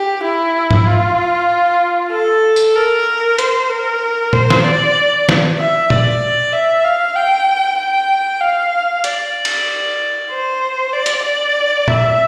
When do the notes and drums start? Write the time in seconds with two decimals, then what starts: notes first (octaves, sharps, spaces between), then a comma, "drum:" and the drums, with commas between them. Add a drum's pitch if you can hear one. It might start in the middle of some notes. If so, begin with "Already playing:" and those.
Already playing: G4
0.23 E4
0.71 drum: tom
0.86 F4
2.12 A4
2.56 drum: tambourine
2.75 A#4
3.38 C5, drum: hi-hat
3.70 A#4
4.33 C5, drum: tom
4.50 drum: snare
4.64 D5
5.29 drum: snare
5.59 E5
5.90 D5, drum: tom A#2
6.53 E5
6.84 F5
7.16 G5
7.79 G5
8.41 F5
9.04 D5, drum: hi-hat
9.45 drum: cymbal
10.30 C5
10.93 D5
11.06 drum: hi-hat
11.24 D5
11.88 E5, drum: tom